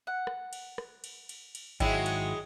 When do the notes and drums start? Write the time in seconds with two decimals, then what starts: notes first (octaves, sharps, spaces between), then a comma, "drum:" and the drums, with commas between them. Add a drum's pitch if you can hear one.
0.07 F#5
0.27 drum: rim click
0.53 drum: cymbal
0.78 drum: rim click
1.04 drum: cymbal
1.29 drum: cymbal
1.55 drum: cymbal
1.80 G#2 D#3 F#3 G#3 E4 F#4 E5 G5, drum: kick G#1, cymbal
2.06 drum: cymbal